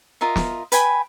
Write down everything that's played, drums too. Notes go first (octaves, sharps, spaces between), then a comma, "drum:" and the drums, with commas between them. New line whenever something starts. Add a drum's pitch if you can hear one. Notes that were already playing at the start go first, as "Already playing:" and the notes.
F4 A#4 D#5 E5
drum: snare
B4 G5 G#5 B5, drum: hi-hat